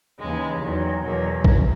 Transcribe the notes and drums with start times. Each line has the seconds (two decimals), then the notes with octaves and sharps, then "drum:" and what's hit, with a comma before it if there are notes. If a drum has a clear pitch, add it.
0.19 D#2 C#3 E3 G#3
0.63 E2 D#3 F#3
1.06 E2 B2 F#3 A#3
1.44 drum: kick